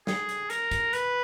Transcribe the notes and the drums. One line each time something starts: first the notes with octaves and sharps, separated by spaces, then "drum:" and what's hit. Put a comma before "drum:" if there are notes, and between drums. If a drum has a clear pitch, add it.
G#4, drum: snare
drum: hi-hat
A#4, drum: hi-hat
drum: kick, hi-hat
B4, drum: hi-hat